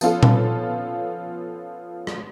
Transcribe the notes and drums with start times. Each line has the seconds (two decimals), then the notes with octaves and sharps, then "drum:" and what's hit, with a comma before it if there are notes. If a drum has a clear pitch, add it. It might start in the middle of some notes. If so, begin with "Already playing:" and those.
0.01 F3 B3 C#4 F4 A4, drum: tambourine
0.23 drum: tom A#2
2.07 drum: rim click